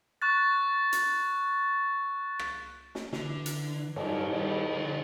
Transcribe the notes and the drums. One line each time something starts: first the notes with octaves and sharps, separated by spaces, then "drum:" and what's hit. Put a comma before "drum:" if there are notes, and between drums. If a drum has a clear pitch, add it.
C#6 F#6 A6
drum: hi-hat
drum: rim click
drum: snare
D3 E3, drum: snare
drum: hi-hat
G2 F#3, drum: cymbal
D#3 G3 G#4 B4 D#5
D3 F3